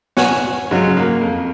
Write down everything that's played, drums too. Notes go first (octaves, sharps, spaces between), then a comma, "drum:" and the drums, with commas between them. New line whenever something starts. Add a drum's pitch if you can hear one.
C#5 F#5 G#5, drum: snare
G#2 C#3 F#3
A#3
F2